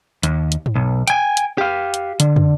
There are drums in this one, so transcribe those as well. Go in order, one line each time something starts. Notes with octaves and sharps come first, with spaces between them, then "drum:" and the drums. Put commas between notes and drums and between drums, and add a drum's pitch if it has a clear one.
D#2, drum: hi-hat
drum: hi-hat
drum: tom G2
B1
G5 G#5, drum: hi-hat
drum: hi-hat
G4 F5
drum: hi-hat
D3, drum: hi-hat
drum: tom